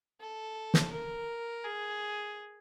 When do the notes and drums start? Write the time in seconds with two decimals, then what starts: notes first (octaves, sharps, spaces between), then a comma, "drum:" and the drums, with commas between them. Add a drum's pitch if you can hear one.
0.20 A4
0.74 drum: snare
0.92 A#4
1.64 G#4